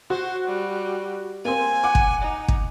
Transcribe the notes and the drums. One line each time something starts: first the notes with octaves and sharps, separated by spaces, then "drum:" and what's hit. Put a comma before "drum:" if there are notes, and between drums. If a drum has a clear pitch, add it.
F#4 C5
G3
A#3 C4 G#5
F#5 D6
drum: kick
D#4
drum: kick